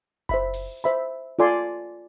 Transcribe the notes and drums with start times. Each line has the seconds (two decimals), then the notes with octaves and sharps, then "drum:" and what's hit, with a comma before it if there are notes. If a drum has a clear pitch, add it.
0.29 C5 E5 B5, drum: kick F#1
0.53 drum: open hi-hat
0.84 C5 E5 B5
1.39 F4 A4 D5 G#5 C6